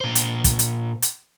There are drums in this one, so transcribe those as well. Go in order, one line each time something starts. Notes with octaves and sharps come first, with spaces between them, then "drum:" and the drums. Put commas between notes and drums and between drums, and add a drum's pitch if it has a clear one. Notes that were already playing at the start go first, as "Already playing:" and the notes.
A#2 C5
drum: hi-hat
drum: kick, hi-hat
drum: hi-hat
drum: hi-hat